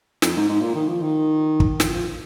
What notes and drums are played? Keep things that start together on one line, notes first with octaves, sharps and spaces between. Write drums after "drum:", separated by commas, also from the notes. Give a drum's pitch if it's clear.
F2, drum: snare
G#2
G#2
A#2
D#3
F3
D#3
drum: kick
F3, drum: snare
F3